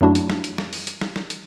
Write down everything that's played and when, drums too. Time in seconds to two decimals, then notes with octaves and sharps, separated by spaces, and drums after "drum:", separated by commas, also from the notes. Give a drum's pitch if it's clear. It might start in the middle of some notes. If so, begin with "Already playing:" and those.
0.01 F#2 F#3 A3 D4 E4 F#4
0.15 drum: hi-hat
0.30 drum: snare
0.44 drum: hi-hat
0.58 drum: snare
0.73 drum: open hi-hat
0.87 drum: hi-hat
1.01 drum: snare
1.16 drum: snare
1.30 drum: hi-hat